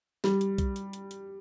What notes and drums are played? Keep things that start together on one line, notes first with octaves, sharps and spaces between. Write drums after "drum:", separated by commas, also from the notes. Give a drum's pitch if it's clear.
G3, drum: snare
drum: hi-hat
drum: kick B1, hi-hat
drum: hi-hat
drum: hi-hat
drum: hi-hat